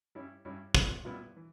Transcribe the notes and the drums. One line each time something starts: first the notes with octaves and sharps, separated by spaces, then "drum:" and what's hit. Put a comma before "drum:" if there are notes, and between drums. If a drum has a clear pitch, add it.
G2 G3 C#4 E4
G2 G3 C#4 E4
A#2 G3 B3 E4, drum: kick
A#2 G3 B3 E4
E3